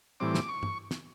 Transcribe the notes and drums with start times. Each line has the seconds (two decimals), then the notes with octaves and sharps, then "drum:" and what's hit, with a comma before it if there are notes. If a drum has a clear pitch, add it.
0.20 A2 E3 G3 C4 D6
0.35 drum: snare
0.49 C#6
0.63 drum: tom G2
0.91 drum: snare